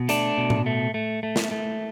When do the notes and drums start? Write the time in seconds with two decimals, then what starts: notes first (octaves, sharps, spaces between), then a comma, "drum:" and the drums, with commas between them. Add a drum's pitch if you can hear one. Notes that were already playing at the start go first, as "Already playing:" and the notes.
Already playing: B2
0.09 A3 D4, drum: hi-hat
0.38 B2
0.50 drum: tom A2
0.66 A3
0.94 A3
1.23 A3
1.36 drum: snare
1.51 A3